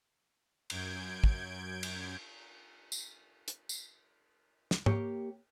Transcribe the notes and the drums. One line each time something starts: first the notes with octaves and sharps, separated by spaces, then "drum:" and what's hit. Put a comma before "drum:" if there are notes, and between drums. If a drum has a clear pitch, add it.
F#2 G6 G#6 D7, drum: cymbal
drum: kick
drum: cymbal
drum: tambourine
drum: hi-hat
drum: tambourine
drum: snare
A#3 G4 C#5, drum: tom